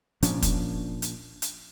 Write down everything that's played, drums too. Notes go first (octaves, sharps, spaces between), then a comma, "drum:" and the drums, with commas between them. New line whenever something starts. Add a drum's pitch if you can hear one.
A#2 F3 C#4 D4, drum: hi-hat
drum: kick, hi-hat
drum: hi-hat
drum: hi-hat